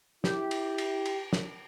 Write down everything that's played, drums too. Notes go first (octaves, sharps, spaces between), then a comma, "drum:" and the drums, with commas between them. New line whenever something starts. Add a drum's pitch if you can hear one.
E4 G4, drum: snare
drum: cymbal
drum: cymbal
drum: cymbal
drum: snare